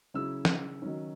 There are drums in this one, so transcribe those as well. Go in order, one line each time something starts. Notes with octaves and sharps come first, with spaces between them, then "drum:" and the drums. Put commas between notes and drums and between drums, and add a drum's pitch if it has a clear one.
C#3 F#3 C#4 E4 E6
drum: snare
D#3 F#3 C#4